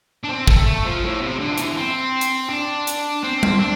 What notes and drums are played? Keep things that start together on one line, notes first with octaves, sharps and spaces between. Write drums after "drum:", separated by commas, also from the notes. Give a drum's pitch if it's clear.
D4
C4
A3, drum: kick
A3
F3
A2
C3
D3
F3
E3, drum: hi-hat
C4
drum: hi-hat
D4
drum: hi-hat
C4
drum: tom G3
D4